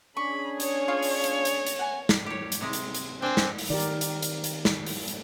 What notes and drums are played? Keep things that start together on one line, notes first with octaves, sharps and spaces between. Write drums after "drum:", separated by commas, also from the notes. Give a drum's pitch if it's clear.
C#4 D4 G#4 B5 C#6
C#5, drum: hi-hat
F4 F5 C#6
drum: open hi-hat
drum: hi-hat
drum: hi-hat
drum: hi-hat
F#5 G#5
drum: snare
G4 C#5
drum: hi-hat
C3 G#3
drum: hi-hat
drum: hi-hat
C4 D4 C5 G5 G#5
drum: snare
drum: open hi-hat
D#3 G4 A#4 D5
drum: hi-hat
drum: hi-hat
drum: hi-hat
drum: hi-hat
drum: snare
drum: open hi-hat
drum: hi-hat